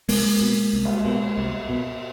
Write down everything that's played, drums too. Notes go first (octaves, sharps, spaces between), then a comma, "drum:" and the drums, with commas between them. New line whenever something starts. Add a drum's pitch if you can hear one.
C2 G#3 A#3, drum: open hi-hat
B2
C2
drum: cymbal
B2
C2
B2